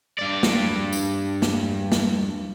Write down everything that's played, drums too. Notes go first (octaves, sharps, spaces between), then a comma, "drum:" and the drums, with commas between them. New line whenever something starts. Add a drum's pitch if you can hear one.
G2 D5
drum: snare
drum: tambourine
drum: snare
drum: snare